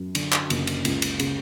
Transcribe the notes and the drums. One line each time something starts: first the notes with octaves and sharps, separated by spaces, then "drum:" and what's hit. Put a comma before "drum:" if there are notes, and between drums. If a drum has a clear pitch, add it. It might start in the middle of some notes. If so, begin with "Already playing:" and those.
Already playing: F#2
D3, drum: cymbal
drum: clap
F#1, drum: cymbal
drum: cymbal
C#2, drum: cymbal
drum: cymbal
C#3, drum: cymbal